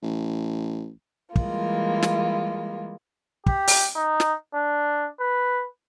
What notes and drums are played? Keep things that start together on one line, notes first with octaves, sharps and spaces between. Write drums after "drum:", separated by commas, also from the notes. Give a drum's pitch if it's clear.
A1
E3 G3 G#3 A#3 F4, drum: kick
drum: snare
G4, drum: kick
drum: open hi-hat
D#4
drum: snare
D4
B4